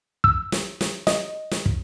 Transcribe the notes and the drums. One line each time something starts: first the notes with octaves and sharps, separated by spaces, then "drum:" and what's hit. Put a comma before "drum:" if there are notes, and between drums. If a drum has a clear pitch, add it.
E6, drum: kick
drum: snare
drum: snare
D#5, drum: snare
drum: snare
drum: kick